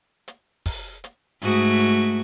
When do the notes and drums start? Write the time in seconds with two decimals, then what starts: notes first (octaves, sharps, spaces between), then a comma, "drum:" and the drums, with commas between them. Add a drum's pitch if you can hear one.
0.28 drum: hi-hat
0.66 drum: kick, open hi-hat
1.04 drum: hi-hat
1.42 G#2 A3 F#4, drum: hi-hat
1.80 drum: hi-hat